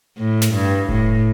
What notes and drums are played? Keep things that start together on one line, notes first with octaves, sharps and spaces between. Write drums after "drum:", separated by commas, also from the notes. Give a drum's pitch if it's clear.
A2
drum: snare
G2
A2, drum: kick F1